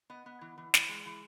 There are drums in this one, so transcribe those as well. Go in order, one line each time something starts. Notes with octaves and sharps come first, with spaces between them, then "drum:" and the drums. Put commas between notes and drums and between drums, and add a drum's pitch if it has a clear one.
B3 D#5
B3
E3
E3
E3, drum: snare
G#3
E3